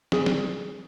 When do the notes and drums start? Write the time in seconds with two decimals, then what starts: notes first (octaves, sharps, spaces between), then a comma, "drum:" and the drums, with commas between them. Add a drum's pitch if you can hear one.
0.12 C4 G#4, drum: snare
0.26 drum: snare